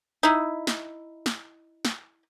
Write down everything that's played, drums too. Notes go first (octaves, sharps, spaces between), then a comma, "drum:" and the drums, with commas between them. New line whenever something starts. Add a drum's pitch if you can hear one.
D#4 E4
drum: snare
drum: snare
drum: snare